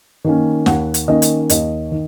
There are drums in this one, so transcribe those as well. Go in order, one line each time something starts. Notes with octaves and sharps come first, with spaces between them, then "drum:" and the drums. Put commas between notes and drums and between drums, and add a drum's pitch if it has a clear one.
D#3 A#3 C#4
D#2 F#5, drum: snare
drum: hi-hat
D#3 A#3 C#4 D#5
drum: hi-hat
D#2 D#5, drum: hi-hat
D#3